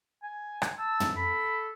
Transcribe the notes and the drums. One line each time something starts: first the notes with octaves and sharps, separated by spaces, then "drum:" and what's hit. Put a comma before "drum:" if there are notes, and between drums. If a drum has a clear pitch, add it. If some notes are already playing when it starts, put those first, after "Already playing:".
G#5
drum: rim click
A5 E6
drum: tom
A4 B5